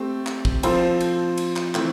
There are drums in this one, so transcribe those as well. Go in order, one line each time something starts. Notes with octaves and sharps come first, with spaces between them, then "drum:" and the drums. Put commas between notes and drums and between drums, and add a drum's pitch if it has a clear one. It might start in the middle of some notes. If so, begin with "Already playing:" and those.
Already playing: A3 C4 G4
drum: clap
drum: kick
F3 C4 F4 A4 C5, drum: cymbal
drum: cymbal
drum: cymbal
drum: clap
E3 A3 C4, drum: clap